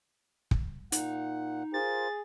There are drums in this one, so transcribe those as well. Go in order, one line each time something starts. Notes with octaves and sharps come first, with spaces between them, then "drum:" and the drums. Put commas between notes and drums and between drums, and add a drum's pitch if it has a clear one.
drum: kick
A#2 D#4 F#5, drum: hi-hat
F4 G#4 A#4 C5 A6